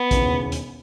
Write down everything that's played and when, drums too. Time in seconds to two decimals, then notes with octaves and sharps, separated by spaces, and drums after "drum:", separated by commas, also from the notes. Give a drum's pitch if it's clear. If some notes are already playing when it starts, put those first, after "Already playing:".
Already playing: B3
0.11 E1 D#2 C#3 E3, drum: kick, hi-hat
0.52 drum: hi-hat